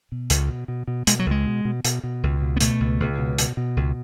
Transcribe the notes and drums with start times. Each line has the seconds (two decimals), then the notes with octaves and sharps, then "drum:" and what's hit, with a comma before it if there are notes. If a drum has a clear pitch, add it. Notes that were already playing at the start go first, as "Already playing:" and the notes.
0.12 B2
0.30 C#2, drum: hi-hat
0.49 B2
0.68 B2
0.87 B2
1.07 B2 G#3, drum: hi-hat
1.19 F#3
1.26 C#2 G#3
1.46 B2
1.65 B2
1.85 B2, drum: hi-hat
2.04 B2
2.23 C#2
2.41 B2
2.57 B3
2.60 B2 A3, drum: hi-hat
2.80 C#2
3.00 C#2
3.18 B2
3.38 B2, drum: hi-hat
3.57 B2
3.77 C#2